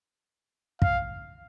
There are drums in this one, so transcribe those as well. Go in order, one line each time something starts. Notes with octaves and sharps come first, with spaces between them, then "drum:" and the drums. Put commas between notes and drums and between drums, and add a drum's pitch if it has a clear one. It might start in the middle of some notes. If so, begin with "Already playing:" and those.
F5, drum: kick